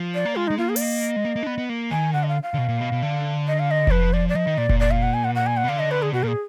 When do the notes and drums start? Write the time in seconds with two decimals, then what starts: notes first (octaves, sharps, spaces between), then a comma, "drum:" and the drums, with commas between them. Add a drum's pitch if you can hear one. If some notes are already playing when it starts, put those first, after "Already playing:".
Already playing: F3
0.14 D5
0.25 A#3
0.36 G#3 F4
0.47 G#3 D#4
0.58 A#3 F4
0.69 G#4
0.76 D5, drum: open hi-hat
0.81 D#5
1.16 G#3
1.25 A#3
1.36 A#3
1.43 D4
1.47 B3
1.58 B3
1.69 A#3
1.91 D#3 G#5
2.13 D3 F#5
2.23 D#5
2.28 F5
2.43 F5
2.54 D3
2.58 B2
2.69 A#2
2.81 B2
2.92 B2
3.02 D3
3.47 D#5
3.59 F5
3.71 D#5
3.87 D#3, drum: kick F1
3.91 F3 B4
4.13 F3 D5
4.29 D5
4.35 F3 D#5
4.47 D#3
4.57 A#2 D5
4.69 A#2, drum: kick F1
4.80 D5
4.91 F5
5.03 F#5
5.14 G#5
5.24 F#5
5.35 F#5
5.46 G#5
5.57 F#5
5.64 B2
5.69 D3 F5
5.79 D#5
5.91 B4
6.02 G#4
6.12 B2 F#4
6.23 A#2 A#4
6.28 G#4